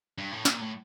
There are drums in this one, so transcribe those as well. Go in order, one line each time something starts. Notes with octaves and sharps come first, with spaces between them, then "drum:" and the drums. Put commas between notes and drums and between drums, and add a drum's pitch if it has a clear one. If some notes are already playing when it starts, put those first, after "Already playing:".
G2
A2
A#2, drum: snare
A2